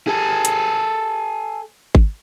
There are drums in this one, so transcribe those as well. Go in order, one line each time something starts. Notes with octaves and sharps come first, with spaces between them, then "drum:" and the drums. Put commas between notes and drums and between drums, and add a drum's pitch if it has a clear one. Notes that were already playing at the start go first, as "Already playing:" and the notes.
G#4 A4
drum: hi-hat
drum: kick G#1